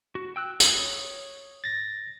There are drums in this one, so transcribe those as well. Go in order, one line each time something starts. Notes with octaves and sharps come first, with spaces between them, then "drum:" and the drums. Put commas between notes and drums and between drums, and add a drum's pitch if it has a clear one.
F#4
G5 E6 F#6
C#5 D#6, drum: tambourine
A6 A#6